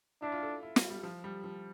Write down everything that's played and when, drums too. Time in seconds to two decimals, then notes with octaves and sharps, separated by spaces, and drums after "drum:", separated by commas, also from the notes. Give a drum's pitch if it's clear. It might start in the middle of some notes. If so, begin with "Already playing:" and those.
0.22 D4 E4
0.32 F4
0.43 A4
0.63 E4
0.76 G3, drum: snare
0.90 G3
1.03 F3
1.24 G3
1.44 F3